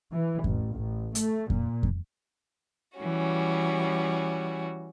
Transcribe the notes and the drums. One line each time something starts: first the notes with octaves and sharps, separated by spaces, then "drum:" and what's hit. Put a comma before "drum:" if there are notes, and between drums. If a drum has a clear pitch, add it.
E3
A1, drum: kick F2
A1
A3, drum: hi-hat
A#2, drum: kick F2
drum: kick F2
E3 G3 C#4 F#4